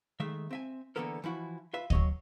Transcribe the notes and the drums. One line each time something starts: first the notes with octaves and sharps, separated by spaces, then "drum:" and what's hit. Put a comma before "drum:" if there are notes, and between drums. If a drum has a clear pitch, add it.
D#3 G#3 A3 E5
C4 E5 G#5
D3 E3 A#3 B3 A4 A#4
E3 F3 E4 F#4
F4 B4 E5
F#3 C#5 D#5, drum: kick